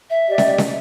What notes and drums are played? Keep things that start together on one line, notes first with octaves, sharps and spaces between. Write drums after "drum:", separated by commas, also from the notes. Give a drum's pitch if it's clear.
E5
G4 D5 D#5
drum: snare
drum: snare